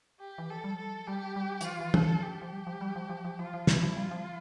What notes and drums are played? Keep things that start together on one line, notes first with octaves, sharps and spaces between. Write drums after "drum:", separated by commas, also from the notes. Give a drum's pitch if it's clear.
G4
E3
F3 A4
G3
F3 A4
G3
G3 G4
G3
E3, drum: hi-hat
F3 F4
E3
F3 A4, drum: tom
G4
F3
G3
F3
G3
F3
F3
F3
F3 F4
F3
G3 E4, drum: snare
F3
G3 F4
F3